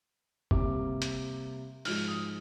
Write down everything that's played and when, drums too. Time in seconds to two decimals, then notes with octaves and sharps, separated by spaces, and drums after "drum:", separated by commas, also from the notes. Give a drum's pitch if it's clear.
0.51 C3 G3 A#3 D6, drum: kick
1.02 drum: hi-hat
1.85 G#2 F3 G#3 F6, drum: open hi-hat
2.08 D#6